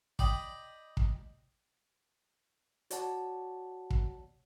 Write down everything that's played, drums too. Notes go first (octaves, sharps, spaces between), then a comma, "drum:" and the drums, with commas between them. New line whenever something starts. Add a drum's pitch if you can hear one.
D5 D#5 G5 B5, drum: kick
drum: kick
F#4 C#5 D5 F#5 A5, drum: hi-hat
drum: kick